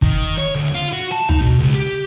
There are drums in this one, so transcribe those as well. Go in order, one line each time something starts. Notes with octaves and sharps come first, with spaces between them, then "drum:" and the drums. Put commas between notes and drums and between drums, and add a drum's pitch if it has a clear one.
D#3, drum: kick
C#5
D2
F4
F#4
A5
D#4, drum: tom
B2
C#2
G4